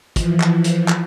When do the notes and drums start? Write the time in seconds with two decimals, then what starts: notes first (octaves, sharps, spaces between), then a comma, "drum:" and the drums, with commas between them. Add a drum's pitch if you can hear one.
0.16 E3 F3, drum: kick, hi-hat
0.40 drum: clap
0.64 drum: hi-hat
0.88 drum: clap